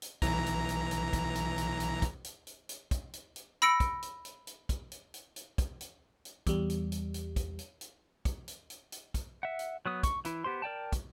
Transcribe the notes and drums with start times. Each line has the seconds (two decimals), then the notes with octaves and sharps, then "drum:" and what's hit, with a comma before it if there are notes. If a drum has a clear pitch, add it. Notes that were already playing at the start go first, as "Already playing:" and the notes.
0.02 drum: hi-hat
0.22 B1 E3 A#5, drum: kick, hi-hat
0.46 drum: hi-hat
0.69 drum: hi-hat
0.91 drum: hi-hat
1.13 drum: kick, hi-hat
1.35 drum: hi-hat
1.58 drum: hi-hat
1.80 drum: hi-hat
2.02 drum: kick, hi-hat
2.24 drum: hi-hat
2.47 drum: hi-hat
2.69 drum: hi-hat
2.91 drum: kick, hi-hat
3.13 drum: hi-hat
3.36 drum: hi-hat
3.62 B5 E6 A#6 C#7 D7
3.80 drum: kick, hi-hat
4.02 drum: hi-hat
4.25 drum: hi-hat
4.47 drum: hi-hat
4.69 drum: kick, hi-hat
4.92 drum: hi-hat
5.14 drum: hi-hat
5.36 drum: hi-hat
5.58 drum: kick, hi-hat
5.81 drum: hi-hat
6.25 drum: hi-hat
6.47 E2 G3, drum: kick, hi-hat
6.70 drum: hi-hat
6.92 drum: hi-hat
7.14 drum: hi-hat
7.36 drum: kick, hi-hat
7.59 drum: hi-hat
7.81 drum: hi-hat
8.25 drum: kick, hi-hat
8.48 drum: hi-hat
8.70 drum: hi-hat
8.92 drum: hi-hat
9.14 drum: kick, hi-hat
9.43 E5 F#5
9.59 drum: hi-hat
9.86 F#3 B3 D#6
10.03 C#6, drum: kick, hi-hat
10.25 E3 E4, drum: hi-hat
10.44 B3 G4 C5 C6
10.62 A#4 D5 G5 A5
10.92 drum: kick, hi-hat